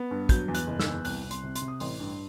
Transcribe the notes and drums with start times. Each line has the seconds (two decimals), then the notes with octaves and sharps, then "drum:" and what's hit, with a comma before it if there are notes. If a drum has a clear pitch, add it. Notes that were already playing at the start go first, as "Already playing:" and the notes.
Already playing: B3
0.11 G2
0.29 F#3 G6, drum: kick, hi-hat
0.48 E2
0.54 F#6, drum: hi-hat
0.67 F#1
0.80 E6, drum: snare
0.86 E2
1.05 C2 F#6, drum: open hi-hat
1.24 C2
1.31 C6, drum: hi-hat
1.43 C3
1.55 C6, drum: hi-hat
1.62 C3
1.68 D#6
1.80 A1 C6, drum: open hi-hat
2.00 G2